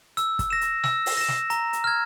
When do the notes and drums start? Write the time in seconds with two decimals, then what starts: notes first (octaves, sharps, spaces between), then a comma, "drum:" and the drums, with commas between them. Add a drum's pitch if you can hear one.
0.17 E6, drum: hi-hat
0.39 drum: kick, hi-hat
0.50 A#6 E7
0.61 drum: hi-hat
0.84 E6, drum: snare
1.06 drum: open hi-hat
1.17 A#6 E7
1.28 drum: snare
1.50 A#5, drum: hi-hat
1.73 drum: hi-hat
1.84 F6 G#6